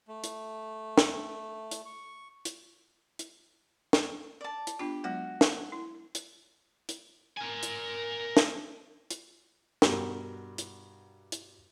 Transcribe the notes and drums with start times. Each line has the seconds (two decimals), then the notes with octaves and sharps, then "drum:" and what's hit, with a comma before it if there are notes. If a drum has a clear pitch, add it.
0.08 A3
0.24 drum: hi-hat
0.98 drum: snare
1.71 drum: hi-hat
1.86 C#6
2.45 drum: hi-hat
3.19 drum: hi-hat
3.93 drum: snare
4.41 D5 A5
4.67 drum: hi-hat
4.79 B3 D4 F4 G4
5.04 F#3 G#3 B3 F#4
5.41 drum: snare
5.72 E4
6.15 drum: hi-hat
6.89 drum: hi-hat
7.37 A#4 G#5
7.63 drum: hi-hat
8.37 drum: snare
9.11 drum: hi-hat
9.82 G2 B2 F#4 G4 A#4, drum: snare
10.58 drum: hi-hat
11.32 drum: hi-hat